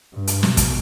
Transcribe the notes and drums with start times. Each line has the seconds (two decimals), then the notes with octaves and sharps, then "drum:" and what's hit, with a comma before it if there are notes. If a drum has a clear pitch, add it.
0.13 G2
0.27 drum: hi-hat
0.43 B2, drum: snare
0.57 drum: kick, hi-hat